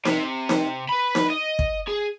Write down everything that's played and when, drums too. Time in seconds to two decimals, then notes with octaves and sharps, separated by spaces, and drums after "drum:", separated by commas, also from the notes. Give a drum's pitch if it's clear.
0.05 C3, drum: snare D#4
0.49 drum: snare D#4
0.89 B4 B5
1.15 drum: snare D#4
1.30 D#5
1.59 drum: kick
1.88 G#4